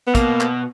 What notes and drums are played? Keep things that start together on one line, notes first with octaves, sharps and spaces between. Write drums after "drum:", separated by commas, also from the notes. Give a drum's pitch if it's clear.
B3
B2 A#3, drum: kick, hi-hat
drum: clap